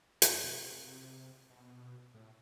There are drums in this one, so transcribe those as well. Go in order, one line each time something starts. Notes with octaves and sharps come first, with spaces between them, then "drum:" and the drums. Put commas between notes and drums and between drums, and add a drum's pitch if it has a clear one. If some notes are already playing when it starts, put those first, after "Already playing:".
F2, drum: hi-hat
B2
C3
C3
B2
A2